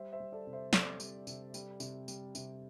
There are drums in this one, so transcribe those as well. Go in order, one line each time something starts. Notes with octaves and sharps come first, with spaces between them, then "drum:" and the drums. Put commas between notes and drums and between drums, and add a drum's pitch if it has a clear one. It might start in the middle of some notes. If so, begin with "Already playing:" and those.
Already playing: G3 C5 E5
C5 E5
G3
A4 D5
C3
C5 E5
C3 A4 D5, drum: snare
G3, drum: tambourine
C3, drum: tambourine
G3, drum: tambourine
C3, drum: tambourine
G3, drum: tambourine
C3, drum: tambourine